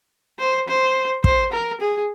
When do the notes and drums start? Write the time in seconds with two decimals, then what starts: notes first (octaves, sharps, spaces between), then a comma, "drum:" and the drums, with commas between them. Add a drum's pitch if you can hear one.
0.39 C5
0.68 C5
1.24 C5, drum: kick
1.52 A#4
1.80 G#4